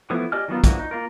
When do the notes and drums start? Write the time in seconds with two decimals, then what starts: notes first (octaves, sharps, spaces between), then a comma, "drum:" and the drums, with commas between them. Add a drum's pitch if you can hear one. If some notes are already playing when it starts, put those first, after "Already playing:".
0.10 E3 F3 A3 B3 E4
0.32 G4 D5 D#5 G#5 F6
0.48 D#3 F#3 B3 F4
0.64 E3 F3 A#3 D4 F#4, drum: kick, hi-hat
0.79 D#4
0.91 A#3 F4 A#4